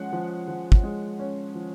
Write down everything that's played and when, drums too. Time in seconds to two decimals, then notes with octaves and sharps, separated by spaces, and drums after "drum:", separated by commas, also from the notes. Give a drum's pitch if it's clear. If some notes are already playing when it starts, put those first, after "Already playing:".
Already playing: F3 G#3 C#4 F#5
0.13 F3
0.48 F3
0.72 drum: kick
0.83 G#3
1.19 C#4
1.55 F3